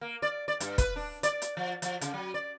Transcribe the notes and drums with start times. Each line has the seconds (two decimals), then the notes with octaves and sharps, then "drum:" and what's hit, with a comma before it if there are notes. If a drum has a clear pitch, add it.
0.01 A#3
0.22 D5
0.48 D5
0.60 G2, drum: hi-hat
0.78 B4, drum: kick, hi-hat
0.96 D4
1.23 D5, drum: hi-hat
1.42 drum: hi-hat
1.57 F3
1.82 F3, drum: hi-hat
2.01 C#3, drum: hi-hat
2.14 F#3
2.34 D5